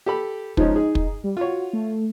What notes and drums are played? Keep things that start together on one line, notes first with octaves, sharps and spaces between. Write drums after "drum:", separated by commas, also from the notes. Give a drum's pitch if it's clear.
G4 A4 B5
F3 G#3 C#4 D#4, drum: kick
G#4
drum: kick
G3
F4 F#4 C#5
A3